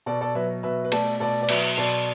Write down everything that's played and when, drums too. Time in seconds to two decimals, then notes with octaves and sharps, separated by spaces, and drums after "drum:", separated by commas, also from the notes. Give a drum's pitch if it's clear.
0.06 B2 A4 D5
0.21 A4 D5
0.35 F#3 B4 E5
0.63 B2 B4 E5
0.84 B4
0.92 A3 A4 D5, drum: cymbal
1.20 B2 A4 D5
1.42 D5
1.49 F#3 B4 E5, drum: cymbal
1.77 B2 A4 D5